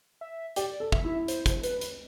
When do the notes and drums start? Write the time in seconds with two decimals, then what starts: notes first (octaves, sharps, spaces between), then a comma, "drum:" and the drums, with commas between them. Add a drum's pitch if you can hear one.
0.21 E5
0.56 G4 D5, drum: hi-hat
0.80 A4
0.92 E5, drum: kick
1.04 E4
1.28 C5, drum: hi-hat
1.46 drum: kick, hi-hat
1.63 B4, drum: hi-hat
1.81 drum: hi-hat